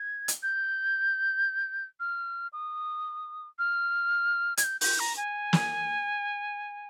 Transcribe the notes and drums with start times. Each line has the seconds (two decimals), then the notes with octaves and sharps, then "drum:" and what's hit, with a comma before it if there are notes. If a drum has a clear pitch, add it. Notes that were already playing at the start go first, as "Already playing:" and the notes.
Already playing: G#6
0.28 drum: hi-hat
0.43 G6
2.00 F6
2.53 D#6
3.59 F6
4.57 G#6, drum: hi-hat
4.64 G6
4.81 G6, drum: open hi-hat
5.00 A#5
5.17 G#5
5.53 drum: snare